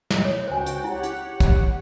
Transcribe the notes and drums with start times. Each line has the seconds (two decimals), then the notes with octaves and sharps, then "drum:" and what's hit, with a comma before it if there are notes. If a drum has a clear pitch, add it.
0.10 drum: snare
0.25 C#5
0.48 C#2 F#4 C5 G5 G#5
0.66 drum: hi-hat
0.84 E4 G4 C#5 F#5
1.03 drum: hi-hat
1.40 drum: kick, hi-hat